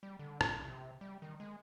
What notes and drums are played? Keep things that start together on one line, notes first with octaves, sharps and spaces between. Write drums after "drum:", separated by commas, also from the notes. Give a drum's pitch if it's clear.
G3
D3
drum: rim click
A#1
C3
G3
D#3
G#3